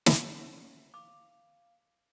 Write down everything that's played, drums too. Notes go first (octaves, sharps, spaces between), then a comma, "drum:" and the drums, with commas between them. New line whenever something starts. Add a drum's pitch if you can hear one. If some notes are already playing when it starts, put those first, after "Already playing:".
C#4 F#5, drum: snare
F5 D6